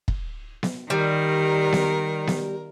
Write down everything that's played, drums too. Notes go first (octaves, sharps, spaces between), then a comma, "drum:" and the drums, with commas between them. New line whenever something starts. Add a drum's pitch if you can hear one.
drum: kick
drum: snare B3
D#3 G3 A#4
drum: snare B3
drum: snare B3